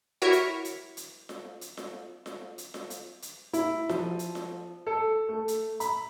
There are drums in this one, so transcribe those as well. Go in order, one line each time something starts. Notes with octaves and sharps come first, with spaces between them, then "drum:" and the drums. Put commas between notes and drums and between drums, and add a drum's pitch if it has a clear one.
E4 F#4 A#4 C#5 E5 F#5
drum: hi-hat
drum: hi-hat
drum: hi-hat
drum: snare F4
drum: hi-hat
drum: snare F4
drum: snare F4
drum: hi-hat
drum: snare F4
drum: hi-hat
drum: hi-hat
E4, drum: hi-hat
F3, drum: snare F4
drum: hi-hat
drum: snare F4
A4
A3
drum: hi-hat
B5, drum: hi-hat